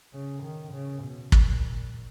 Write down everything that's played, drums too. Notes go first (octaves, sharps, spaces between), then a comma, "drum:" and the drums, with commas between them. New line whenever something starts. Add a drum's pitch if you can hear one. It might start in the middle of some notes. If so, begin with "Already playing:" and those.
C#3
D#3
C#3
B2
A#2, drum: kick